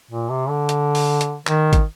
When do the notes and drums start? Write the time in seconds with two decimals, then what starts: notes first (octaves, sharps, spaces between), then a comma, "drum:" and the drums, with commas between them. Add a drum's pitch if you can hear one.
0.11 A#2
0.29 C3
0.49 D3
0.69 drum: hi-hat
0.95 drum: open hi-hat
1.21 drum: hi-hat
1.47 D#3, drum: clap
1.73 drum: kick, hi-hat